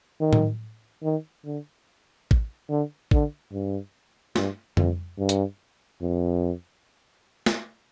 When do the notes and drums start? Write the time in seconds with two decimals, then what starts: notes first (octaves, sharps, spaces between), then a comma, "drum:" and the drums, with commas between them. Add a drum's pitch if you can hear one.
0.21 D#3
0.33 drum: tom A2
1.03 D#3
1.45 D3
2.31 drum: kick
2.70 D3
3.11 D3, drum: kick
3.53 G2
4.36 G2, drum: snare
4.77 F2, drum: tom F2
5.19 G2
5.29 drum: hi-hat
6.02 F2
7.46 drum: snare